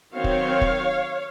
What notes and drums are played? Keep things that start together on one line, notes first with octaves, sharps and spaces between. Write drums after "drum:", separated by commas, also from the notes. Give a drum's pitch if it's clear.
D#3 F#3 C4 C#5 F5
drum: kick
drum: kick